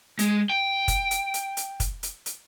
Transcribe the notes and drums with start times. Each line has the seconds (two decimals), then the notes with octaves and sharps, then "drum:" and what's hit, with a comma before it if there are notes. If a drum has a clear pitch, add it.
0.19 G#3, drum: hi-hat
0.50 G5
0.88 drum: kick, hi-hat
1.11 drum: hi-hat
1.34 drum: hi-hat
1.57 drum: hi-hat
1.80 drum: kick, hi-hat
2.03 drum: hi-hat
2.26 drum: hi-hat